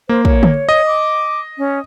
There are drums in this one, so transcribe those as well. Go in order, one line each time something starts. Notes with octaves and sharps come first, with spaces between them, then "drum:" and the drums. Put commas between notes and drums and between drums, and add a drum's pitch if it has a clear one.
A#3 C5
C#5, drum: kick
drum: tom D3
D#5
D6
C#4